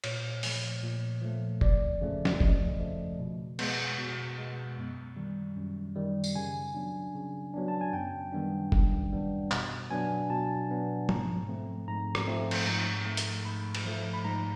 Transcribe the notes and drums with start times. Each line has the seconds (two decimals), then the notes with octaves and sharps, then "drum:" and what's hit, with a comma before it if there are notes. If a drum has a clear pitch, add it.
0.04 A#2 C#5, drum: cymbal
0.43 F3 A3, drum: open hi-hat
0.83 A#2
1.22 F3 A3
1.61 F2 D5, drum: kick F#1
2.01 C#3 F3 A3
2.25 drum: snare
2.40 F2 D#5, drum: kick F#1
2.79 C#3 F3 A3
3.19 B2
3.59 G#3 B3, drum: cymbal
3.98 B2
4.38 G#3 B3
4.77 F#2
5.16 D#3 G3
5.57 F#2
5.96 D#3 G3
6.24 drum: tambourine
6.36 C#3 G#5
6.74 F#3 B3 D4
7.15 C#3
7.54 F#3 B3 D4
7.68 A5
7.81 G#5
7.93 F#2 G5
8.32 D#3 G3 B3 D4
8.72 F#2, drum: kick F#1
9.12 D#3 G3 B3 D4
9.51 B2, drum: clap
9.91 F#3 B3 D4 G#5
10.30 B2 A5
10.69 F#3 B3 D4
11.09 G#2 A#5, drum: tom
11.49 F3 A3 C4
11.88 G#2 A#5
12.15 drum: rim click
12.27 F3 A3 C4
12.51 drum: cymbal
12.67 G#2 A#5
13.06 F3 A3
13.17 drum: hi-hat
13.45 G#2 B5
13.75 drum: cymbal
13.85 F3 A3
14.14 B5
14.24 G#2 A#5